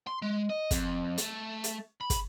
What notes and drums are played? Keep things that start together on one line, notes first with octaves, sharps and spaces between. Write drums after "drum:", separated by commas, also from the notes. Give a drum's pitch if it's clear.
C6
G#3
D#5
F2, drum: kick, hi-hat
A3, drum: hi-hat
drum: hi-hat
B5
drum: kick, hi-hat